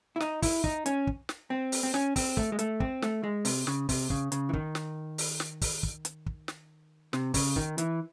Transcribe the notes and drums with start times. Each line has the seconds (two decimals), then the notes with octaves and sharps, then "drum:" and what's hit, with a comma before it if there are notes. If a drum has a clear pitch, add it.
0.16 E4
0.20 D#4, drum: snare
0.42 E4, drum: kick, open hi-hat
0.64 D#4, drum: kick
0.86 C#4, drum: hi-hat
1.07 drum: kick
1.29 drum: snare
1.50 C4
1.72 drum: open hi-hat
1.83 C4
1.94 C#4, drum: snare
2.16 C4, drum: kick, open hi-hat
2.37 A3, drum: kick
2.52 G#3
2.59 A3, drum: hi-hat
2.80 C4, drum: kick
3.02 A3, drum: snare
3.24 G#3
3.45 C3, drum: open hi-hat
3.67 C#3, drum: snare
3.89 C3, drum: kick, open hi-hat
4.10 C#3, drum: kick
4.32 C#3, drum: hi-hat
4.49 E3
4.53 D#3, drum: kick
4.75 drum: snare
5.18 drum: open hi-hat
5.40 drum: snare
5.61 drum: kick, open hi-hat
5.83 drum: kick
6.05 drum: hi-hat
6.26 drum: kick
6.48 drum: snare
7.13 C3, drum: snare
7.34 C#3, drum: kick, open hi-hat
7.56 D#3, drum: kick
7.78 E3, drum: hi-hat